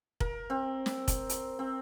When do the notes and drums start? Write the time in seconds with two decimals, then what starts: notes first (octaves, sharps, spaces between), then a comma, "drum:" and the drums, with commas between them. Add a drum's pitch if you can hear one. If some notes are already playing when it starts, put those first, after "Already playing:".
0.20 A#4, drum: kick
0.50 C4
0.86 drum: snare
1.08 drum: kick, hi-hat
1.29 drum: hi-hat
1.59 C4